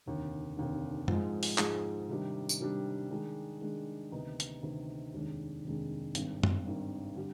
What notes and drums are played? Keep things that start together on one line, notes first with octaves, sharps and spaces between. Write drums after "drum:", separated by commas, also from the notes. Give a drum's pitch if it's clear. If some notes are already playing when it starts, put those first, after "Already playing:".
F1 D#2 D3
F1 D#2 D3
G#2 F3 G#3, drum: tom F#2
drum: open hi-hat
G#2 F3 G#3, drum: clap
C3 D#3 G3 D4
drum: tambourine
C3 D#3 G3 D4
D#3 G#3 D4
D#3 G#3 D4
D2 C3 D#3 B3 D#4
drum: hi-hat
D2 C3 D#3 B3 D#4
F1 D#2 D#3 G#3 D4
F1 D#2 D#3 G#3 D4
G#1 G2 D#3, drum: hi-hat
drum: tom F#2
G#1 G2 D#3
D3 G3